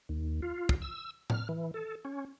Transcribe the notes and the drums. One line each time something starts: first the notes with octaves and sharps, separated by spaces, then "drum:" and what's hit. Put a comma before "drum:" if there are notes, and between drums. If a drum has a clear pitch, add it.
D#2
F4
drum: kick
E6
F6, drum: tom A2
E3
A4
C#4